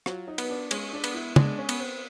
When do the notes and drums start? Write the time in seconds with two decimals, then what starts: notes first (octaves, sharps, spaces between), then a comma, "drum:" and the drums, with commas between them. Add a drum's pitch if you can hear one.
0.06 F#3 F4, drum: rim click
0.27 D#4
0.38 B3, drum: cymbal
0.50 D4
0.71 G#3 C#4, drum: cymbal
0.93 D4
1.04 B3, drum: cymbal
1.15 E4
1.36 G#3 D4, drum: tom
1.58 C#4
1.69 B3, drum: cymbal
1.79 C4